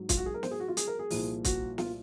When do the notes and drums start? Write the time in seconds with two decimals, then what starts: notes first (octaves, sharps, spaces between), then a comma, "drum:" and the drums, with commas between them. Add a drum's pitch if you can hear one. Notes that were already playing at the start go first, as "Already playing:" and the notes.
Already playing: G#2 F#3
0.09 F4, drum: kick, hi-hat
0.17 F#4
0.26 G#4
0.34 A#4
0.43 C5, drum: snare
0.51 G#4
0.60 F#4
0.68 F4
0.77 G#4, drum: hi-hat
0.88 A#4
0.99 G#4
1.10 C2 A#2 F3, drum: open hi-hat
1.44 F#4, drum: kick, hi-hat
1.78 F4, drum: snare